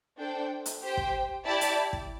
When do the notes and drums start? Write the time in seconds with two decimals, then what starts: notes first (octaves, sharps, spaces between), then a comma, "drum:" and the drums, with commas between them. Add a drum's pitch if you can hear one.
0.18 D4 A4 C5 G5
0.66 drum: hi-hat
0.82 G4 C5 G5
0.97 drum: kick
1.45 E4 G4 D5 A5
1.61 drum: hi-hat
1.93 drum: kick